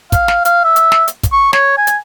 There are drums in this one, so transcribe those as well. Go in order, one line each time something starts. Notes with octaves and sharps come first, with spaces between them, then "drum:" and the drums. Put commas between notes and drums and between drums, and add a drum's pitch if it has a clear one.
F5, drum: kick, hi-hat
drum: snare
F5, drum: hi-hat
E5
drum: hi-hat
drum: snare
drum: hi-hat
drum: kick, hi-hat
C#6
C#5, drum: snare
G#5
drum: hi-hat